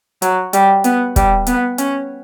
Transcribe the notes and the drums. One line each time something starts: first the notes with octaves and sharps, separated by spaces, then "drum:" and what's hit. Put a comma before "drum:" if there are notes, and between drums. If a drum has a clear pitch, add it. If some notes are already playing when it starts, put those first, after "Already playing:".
F#3, drum: hi-hat
G3, drum: hi-hat
B3, drum: hi-hat
G3, drum: kick, hi-hat
B3, drum: hi-hat
C#4, drum: hi-hat